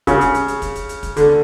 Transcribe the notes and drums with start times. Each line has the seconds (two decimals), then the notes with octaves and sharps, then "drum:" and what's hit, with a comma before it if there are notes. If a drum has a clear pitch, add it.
0.07 C#3, drum: kick, hi-hat
0.21 drum: hi-hat
0.34 drum: hi-hat
0.48 drum: hi-hat
0.62 drum: kick, hi-hat
0.75 drum: hi-hat
0.89 drum: hi-hat
1.03 drum: kick, hi-hat
1.16 D3, drum: hi-hat